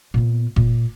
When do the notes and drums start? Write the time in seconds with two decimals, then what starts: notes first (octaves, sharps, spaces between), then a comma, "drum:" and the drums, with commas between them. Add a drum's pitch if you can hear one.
0.14 A#2 B3
0.56 A#2, drum: kick F#1